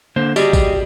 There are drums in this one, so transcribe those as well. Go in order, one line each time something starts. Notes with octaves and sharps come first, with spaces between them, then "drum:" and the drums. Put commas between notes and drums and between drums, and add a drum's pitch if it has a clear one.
D3 A#3 C5
G3 F#4 G#4 D#5, drum: tambourine
drum: kick A1, tambourine